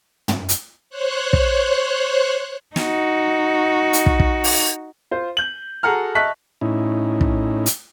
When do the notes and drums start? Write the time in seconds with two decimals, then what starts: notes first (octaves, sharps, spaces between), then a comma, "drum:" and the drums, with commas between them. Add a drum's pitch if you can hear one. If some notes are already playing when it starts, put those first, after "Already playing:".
0.28 drum: tom
0.49 drum: hi-hat
0.90 C5 C#5 F#6
1.33 drum: kick
2.76 D#4 F#4, drum: snare
3.93 drum: hi-hat
4.06 drum: kick
4.20 drum: kick
4.44 drum: open hi-hat
5.11 F4 C5
5.37 G6 F#7
5.83 F#4 G#4 A4 F#5 A#5 F6
6.15 D#5 E5 A5 C#6 F#6 B6
6.61 A2 C#4 D#4 E4
7.21 drum: kick
7.66 drum: hi-hat